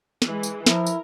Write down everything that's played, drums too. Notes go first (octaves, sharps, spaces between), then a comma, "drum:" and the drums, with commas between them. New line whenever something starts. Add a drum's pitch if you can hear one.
E3 G#3, drum: snare
drum: tambourine
F3 E4 A#4, drum: snare
drum: tambourine